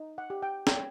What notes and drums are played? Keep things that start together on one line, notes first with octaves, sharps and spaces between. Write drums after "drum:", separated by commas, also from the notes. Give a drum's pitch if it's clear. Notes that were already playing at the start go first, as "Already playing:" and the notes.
Already playing: D#4
F#5
G4
G5
C#5 G5, drum: snare